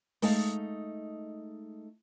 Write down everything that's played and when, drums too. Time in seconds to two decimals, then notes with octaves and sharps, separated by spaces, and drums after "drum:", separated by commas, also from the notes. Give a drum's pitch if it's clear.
0.22 G#3 A3 D#4 F5 A5, drum: open hi-hat